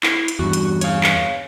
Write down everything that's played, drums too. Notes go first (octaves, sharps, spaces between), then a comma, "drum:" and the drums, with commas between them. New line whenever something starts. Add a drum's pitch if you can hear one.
E4, drum: clap
drum: hi-hat
E2 G2 F#4
drum: hi-hat
C#5 F5, drum: hi-hat
drum: clap